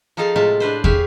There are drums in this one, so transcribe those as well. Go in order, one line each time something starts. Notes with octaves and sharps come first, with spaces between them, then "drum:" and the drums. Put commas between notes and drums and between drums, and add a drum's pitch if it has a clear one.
F3 D#4 G#4 A4 F5 A5
A2 C3 G#3 F4 E5 A5
D4 B4 C5
G4 G#4 C#5 E5 F5, drum: kick